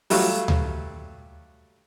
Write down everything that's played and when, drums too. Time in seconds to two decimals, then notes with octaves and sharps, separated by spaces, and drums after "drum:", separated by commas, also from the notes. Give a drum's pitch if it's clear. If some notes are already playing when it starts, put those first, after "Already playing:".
0.10 F#3 G3 A3 F4 F#4, drum: open hi-hat
0.48 drum: tom D2